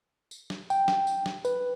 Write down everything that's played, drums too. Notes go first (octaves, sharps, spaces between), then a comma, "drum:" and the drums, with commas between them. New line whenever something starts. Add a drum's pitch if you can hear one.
drum: tambourine
drum: snare
G5, drum: tambourine
drum: snare
drum: tambourine
drum: snare
B4, drum: tambourine